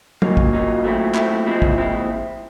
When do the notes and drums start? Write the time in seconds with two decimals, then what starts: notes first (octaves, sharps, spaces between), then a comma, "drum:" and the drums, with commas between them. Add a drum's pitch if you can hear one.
0.22 A#2 F#3 A#3 D#4, drum: tom
0.37 drum: kick
0.53 A#2 F#3 A#3 D#4
0.84 A#2 F#3 A3 C4 E4
1.14 A#2 F#3 A3 C4 E4, drum: clap
1.46 A#2 F3 G#3 C4 E4
1.62 drum: kick
1.77 A#2 F3 G#3 C4 E4